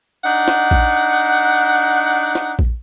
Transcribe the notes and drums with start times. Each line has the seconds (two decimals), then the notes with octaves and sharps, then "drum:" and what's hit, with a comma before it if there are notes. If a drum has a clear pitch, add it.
0.24 D4 D#4 F#5
0.48 drum: snare
0.71 drum: kick A#1
1.41 drum: tambourine
1.88 drum: tambourine
2.35 drum: snare
2.59 drum: kick A#1